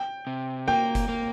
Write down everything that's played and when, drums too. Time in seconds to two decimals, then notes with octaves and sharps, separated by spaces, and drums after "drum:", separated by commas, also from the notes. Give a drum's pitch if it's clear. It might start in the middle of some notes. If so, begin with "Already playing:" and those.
Already playing: G5
0.27 C3
0.67 A#3 G5
0.95 drum: kick F#1, hi-hat
1.09 A#3